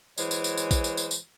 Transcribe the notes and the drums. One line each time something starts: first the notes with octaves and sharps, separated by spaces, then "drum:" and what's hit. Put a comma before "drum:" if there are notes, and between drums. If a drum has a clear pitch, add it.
E3 F#3 G#3 C5 C#5, drum: tambourine
drum: tambourine
drum: tambourine
drum: tambourine
drum: kick A#1, tambourine
drum: tambourine
drum: tambourine
drum: tambourine